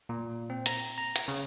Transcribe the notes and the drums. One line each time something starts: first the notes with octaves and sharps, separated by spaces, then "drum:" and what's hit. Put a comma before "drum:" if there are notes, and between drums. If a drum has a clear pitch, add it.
A#2
C4
A#5, drum: hi-hat
A#5
drum: hi-hat
C#3